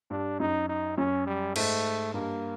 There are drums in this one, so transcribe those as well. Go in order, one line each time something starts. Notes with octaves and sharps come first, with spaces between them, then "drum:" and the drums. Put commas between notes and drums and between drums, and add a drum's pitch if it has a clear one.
G2 D4
F#2 D#4
D#4
F#2 C#4
G3
G#2 A3, drum: cymbal
G2 A#3